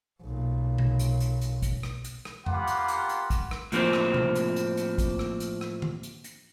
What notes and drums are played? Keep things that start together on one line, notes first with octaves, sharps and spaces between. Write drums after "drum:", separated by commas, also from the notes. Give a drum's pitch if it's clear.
B1 A#2
drum: tom C3
drum: hi-hat
drum: hi-hat
drum: hi-hat
drum: kick, hi-hat
drum: rim click
drum: hi-hat
drum: rim click
A#3 B3 F4 G4 F#5, drum: tom F2
drum: hi-hat
drum: hi-hat
drum: hi-hat
drum: kick, hi-hat
drum: rim click
A2 F3 A#3 C4, drum: hi-hat
drum: rim click
drum: tom C3
drum: hi-hat
drum: hi-hat
drum: hi-hat
drum: kick, hi-hat
drum: rim click
drum: hi-hat
drum: rim click
drum: tom D#3
drum: hi-hat
drum: hi-hat